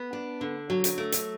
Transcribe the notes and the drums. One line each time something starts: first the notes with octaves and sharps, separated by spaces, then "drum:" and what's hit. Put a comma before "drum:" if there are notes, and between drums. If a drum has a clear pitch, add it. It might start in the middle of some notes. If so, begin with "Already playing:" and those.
Already playing: B3
D4
D3
F#3
drum: hi-hat
A3
drum: hi-hat